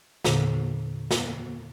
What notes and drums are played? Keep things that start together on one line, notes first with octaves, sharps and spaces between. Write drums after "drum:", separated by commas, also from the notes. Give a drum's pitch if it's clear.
E2 A#2 D3, drum: snare
drum: snare